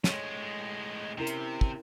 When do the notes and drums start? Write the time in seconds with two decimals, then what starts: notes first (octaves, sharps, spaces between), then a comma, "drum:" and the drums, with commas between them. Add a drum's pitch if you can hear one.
0.04 A2 G#3 C#5, drum: snare
1.18 C3 C#4 E4 A#4
1.27 drum: hi-hat
1.61 drum: kick